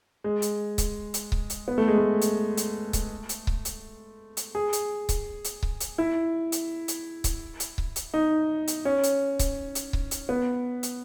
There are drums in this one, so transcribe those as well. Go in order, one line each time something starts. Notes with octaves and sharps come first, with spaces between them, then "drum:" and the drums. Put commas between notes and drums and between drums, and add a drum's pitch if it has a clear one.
G#3
drum: hi-hat
drum: kick C#1, hi-hat
drum: hi-hat
drum: kick C#1
drum: hi-hat
B3
A3
G#3
A3
drum: hi-hat
drum: hi-hat
drum: kick C#1, hi-hat
drum: hi-hat
drum: kick C#1
drum: hi-hat
drum: hi-hat
G#4
drum: hi-hat
drum: kick C#1, hi-hat
drum: hi-hat
drum: kick C#1
drum: hi-hat
E4
drum: hi-hat
drum: hi-hat
drum: kick C#1, hi-hat
drum: hi-hat
drum: kick C#1
drum: hi-hat
D#4
drum: hi-hat
C#4
drum: hi-hat
drum: kick C#1, hi-hat
drum: hi-hat
drum: kick C#1
drum: hi-hat
B3
drum: hi-hat